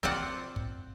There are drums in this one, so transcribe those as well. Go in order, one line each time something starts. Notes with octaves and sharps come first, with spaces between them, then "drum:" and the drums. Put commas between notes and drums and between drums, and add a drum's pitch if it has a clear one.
C4 F4 C5 D5 F#5, drum: snare
drum: kick